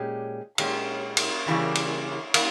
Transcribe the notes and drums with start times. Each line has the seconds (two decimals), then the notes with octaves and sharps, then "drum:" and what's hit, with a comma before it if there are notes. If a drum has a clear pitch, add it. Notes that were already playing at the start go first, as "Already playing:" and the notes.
Already playing: A#2 G#3 C#4 G4
0.58 A#2 G#3 C#4 G4, drum: cymbal
1.17 drum: cymbal
1.46 C#3 E3 G3 A#3
1.75 drum: cymbal
2.34 G3 A#3, drum: cymbal